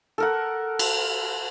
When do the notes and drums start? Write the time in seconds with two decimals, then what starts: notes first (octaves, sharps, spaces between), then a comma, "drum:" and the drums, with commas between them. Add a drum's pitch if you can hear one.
0.18 A4 A#4 F#5
0.79 drum: cymbal